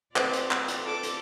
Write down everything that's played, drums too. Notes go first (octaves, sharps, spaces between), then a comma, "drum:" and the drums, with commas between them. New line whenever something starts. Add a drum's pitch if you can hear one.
C4 F4 A4 B4 C5 D5, drum: clap
drum: hi-hat
drum: clap
drum: hi-hat
A4 D6
drum: hi-hat